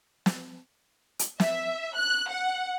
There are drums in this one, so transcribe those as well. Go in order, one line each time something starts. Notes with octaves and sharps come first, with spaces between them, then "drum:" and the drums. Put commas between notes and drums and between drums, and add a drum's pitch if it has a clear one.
drum: snare
drum: hi-hat
E5, drum: snare
F#6
F#5